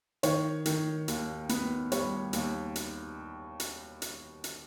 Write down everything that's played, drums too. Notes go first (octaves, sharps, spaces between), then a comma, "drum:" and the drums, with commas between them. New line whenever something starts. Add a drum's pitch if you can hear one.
D#3 C#5, drum: hi-hat
D#3, drum: hi-hat
D#2, drum: hi-hat
B3, drum: hi-hat
G3 C#5, drum: hi-hat
D#2, drum: hi-hat
drum: hi-hat
drum: hi-hat
drum: hi-hat
drum: hi-hat